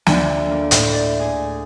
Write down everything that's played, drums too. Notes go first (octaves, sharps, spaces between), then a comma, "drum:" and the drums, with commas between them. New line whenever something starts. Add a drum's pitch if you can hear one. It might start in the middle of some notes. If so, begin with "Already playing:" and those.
D2, drum: snare
A#3
A2, drum: hi-hat
D5
G#4